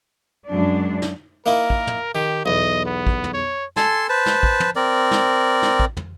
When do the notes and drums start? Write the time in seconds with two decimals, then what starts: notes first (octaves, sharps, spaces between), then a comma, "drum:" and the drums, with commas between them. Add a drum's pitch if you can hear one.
0.49 F#2 G#3 D4
1.02 drum: snare
1.46 A#3 D#4 E4 A#4
1.70 drum: kick
1.87 drum: tom
2.15 D#3 G4
2.46 B1 E2 D#5
2.86 B3
3.07 drum: kick
3.24 drum: tom
3.34 C#5
3.76 A4 G#5 A5 C6, drum: snare
4.09 B4 C5 A5
4.26 drum: snare
4.43 drum: kick
4.60 drum: tom
4.76 C4 A#4 D5
5.11 drum: snare
5.62 drum: snare
5.80 drum: kick
5.97 drum: tom